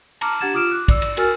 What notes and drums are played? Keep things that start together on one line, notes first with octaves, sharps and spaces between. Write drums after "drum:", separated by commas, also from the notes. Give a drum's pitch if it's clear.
A5 A#5 D6 F6, drum: cymbal
D4 G4 F#5 G#6 A6 E7
F4 D6 D#6 F6 D7 E7
D6 F#6
D5 E6, drum: kick, cymbal
drum: cymbal
F#4 A#4 G#5 E6 F6 A6, drum: cymbal